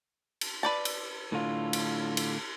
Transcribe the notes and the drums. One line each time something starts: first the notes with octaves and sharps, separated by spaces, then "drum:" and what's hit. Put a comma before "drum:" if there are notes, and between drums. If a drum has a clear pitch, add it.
drum: cymbal
B4 D5 A5
drum: cymbal
A2 D3 F4
drum: cymbal
drum: cymbal